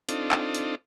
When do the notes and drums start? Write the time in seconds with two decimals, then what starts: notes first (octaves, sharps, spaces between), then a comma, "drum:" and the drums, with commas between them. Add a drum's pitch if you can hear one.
0.09 C4 D4 D#4 F4 A4, drum: hi-hat
0.32 drum: clap
0.54 drum: hi-hat